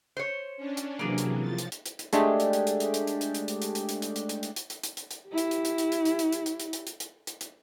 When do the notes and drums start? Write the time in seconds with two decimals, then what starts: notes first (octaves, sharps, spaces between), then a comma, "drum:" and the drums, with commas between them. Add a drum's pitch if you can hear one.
0.17 C5 C#5
0.57 C#4 D4
0.77 drum: hi-hat
0.99 C3 E3 F#3 A#3 D4 G#4
1.18 drum: hi-hat
1.40 F3 A6
1.58 drum: hi-hat
1.72 drum: hi-hat
1.86 drum: hi-hat
1.99 drum: hi-hat
2.13 G#3 A3 D4 G4 G#4, drum: hi-hat
2.40 drum: hi-hat
2.53 drum: hi-hat
2.67 drum: hi-hat
2.80 drum: hi-hat
2.94 drum: hi-hat
3.07 drum: hi-hat
3.21 drum: hi-hat
3.35 drum: hi-hat
3.48 drum: hi-hat
3.62 drum: hi-hat
3.75 drum: hi-hat
3.89 drum: hi-hat
4.02 drum: hi-hat
4.16 drum: hi-hat
4.29 drum: hi-hat
4.43 drum: hi-hat
4.56 drum: hi-hat
4.70 drum: hi-hat
4.84 drum: hi-hat
4.97 drum: hi-hat
5.11 drum: hi-hat
5.28 E4 G4
5.38 drum: hi-hat
5.51 drum: hi-hat
5.65 drum: hi-hat
5.78 drum: hi-hat
5.92 drum: hi-hat
6.05 drum: hi-hat
6.19 drum: hi-hat
6.32 drum: hi-hat
6.46 drum: hi-hat
6.60 drum: hi-hat
6.73 drum: hi-hat
6.87 drum: hi-hat
7.00 drum: hi-hat
7.27 drum: hi-hat
7.41 drum: hi-hat